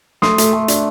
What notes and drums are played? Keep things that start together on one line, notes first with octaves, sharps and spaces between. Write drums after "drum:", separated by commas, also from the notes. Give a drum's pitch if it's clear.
A3 C6 D#6, drum: snare
A3, drum: hi-hat
A3
D4, drum: hi-hat